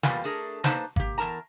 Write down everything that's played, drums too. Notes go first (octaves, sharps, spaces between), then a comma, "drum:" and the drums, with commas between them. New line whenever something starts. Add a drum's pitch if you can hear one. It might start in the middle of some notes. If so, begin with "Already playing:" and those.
E2 G3 A#3 F4 B4 G#5, drum: snare
A3 D4 G#4 A#4
A#3 D#4 B4 C5 A5, drum: snare
A#3 G4, drum: kick G#1
E2 G3 A#4 A5 A#5